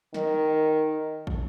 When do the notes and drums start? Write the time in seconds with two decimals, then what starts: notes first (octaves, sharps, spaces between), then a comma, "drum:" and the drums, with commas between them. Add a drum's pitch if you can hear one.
0.14 D#3, drum: snare
1.27 drum: kick